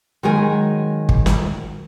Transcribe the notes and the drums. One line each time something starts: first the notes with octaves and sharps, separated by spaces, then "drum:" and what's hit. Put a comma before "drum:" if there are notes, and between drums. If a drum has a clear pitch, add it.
D#3 F#3 G#3 A#4 G#5
drum: kick
drum: snare